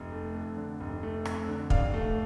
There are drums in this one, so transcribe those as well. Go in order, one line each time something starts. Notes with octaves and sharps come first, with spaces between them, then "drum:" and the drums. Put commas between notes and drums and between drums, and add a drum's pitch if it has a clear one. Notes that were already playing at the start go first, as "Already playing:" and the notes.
Already playing: F1
A3
F2
D3
F1
A3
F2, drum: rim click
D3
F1 D5 F5, drum: kick
A3